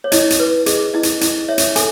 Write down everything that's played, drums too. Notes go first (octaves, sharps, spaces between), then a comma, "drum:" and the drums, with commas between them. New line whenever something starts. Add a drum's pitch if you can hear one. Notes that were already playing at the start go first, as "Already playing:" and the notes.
C#5
E4 D#5, drum: hi-hat
drum: hi-hat
B4
G#4 D#5, drum: hi-hat
E4 D#5
drum: hi-hat
E4 D#5, drum: hi-hat
C#5 E5
drum: hi-hat
A4 G#5, drum: hi-hat